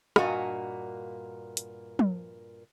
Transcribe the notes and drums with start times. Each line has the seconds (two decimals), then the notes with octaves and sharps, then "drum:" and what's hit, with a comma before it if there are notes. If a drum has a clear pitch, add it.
0.16 G2 A#2 A#3 F#4 D#5 G#5, drum: rim click
1.57 drum: hi-hat
1.99 drum: tom